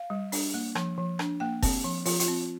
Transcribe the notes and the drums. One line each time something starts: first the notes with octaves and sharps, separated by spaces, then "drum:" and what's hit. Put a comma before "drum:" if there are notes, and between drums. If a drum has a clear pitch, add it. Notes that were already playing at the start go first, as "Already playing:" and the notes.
Already playing: F5
G3
D4, drum: open hi-hat
A#3
F3, drum: rim click
F3
D4, drum: rim click
A#3 G5
C4, drum: kick F1, open hi-hat
F3
F3 F4, drum: open hi-hat
F4, drum: hi-hat
C4